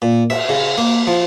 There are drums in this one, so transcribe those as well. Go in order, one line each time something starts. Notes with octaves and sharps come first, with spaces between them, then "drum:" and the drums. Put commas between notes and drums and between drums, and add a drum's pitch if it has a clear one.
A#2
E5, drum: cymbal
C#3
A#3
F3